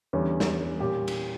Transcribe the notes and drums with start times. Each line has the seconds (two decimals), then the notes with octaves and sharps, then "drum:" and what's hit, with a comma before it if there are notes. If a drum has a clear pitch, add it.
0.13 E2 D3 G3 C#4
0.40 drum: snare
0.80 A#2 G3 C#4 G4
1.08 drum: cymbal